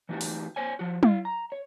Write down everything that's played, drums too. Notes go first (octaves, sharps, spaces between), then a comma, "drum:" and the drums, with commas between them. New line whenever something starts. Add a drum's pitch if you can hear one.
E3 A3 D#4 F#4 G4
drum: open hi-hat
C5 C#5 G#5
F3 F#4
E4 F5, drum: tom
A#5
C#5